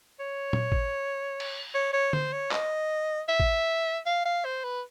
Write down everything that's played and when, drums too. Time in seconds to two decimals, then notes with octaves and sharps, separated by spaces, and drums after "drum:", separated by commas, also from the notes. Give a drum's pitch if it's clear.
0.20 C#5
0.53 drum: tom
0.72 drum: kick
1.40 drum: cymbal
1.75 C#5
1.93 C#5
2.13 C5, drum: tom
2.32 C#5
2.52 D#5, drum: clap
3.29 E5
3.40 drum: kick
4.06 F5
4.26 F5
4.45 C5
4.64 B4